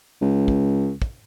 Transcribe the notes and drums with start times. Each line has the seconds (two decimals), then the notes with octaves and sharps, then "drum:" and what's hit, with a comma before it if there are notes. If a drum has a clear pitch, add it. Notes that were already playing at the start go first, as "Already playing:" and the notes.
0.21 C#2
0.48 drum: kick
1.02 drum: kick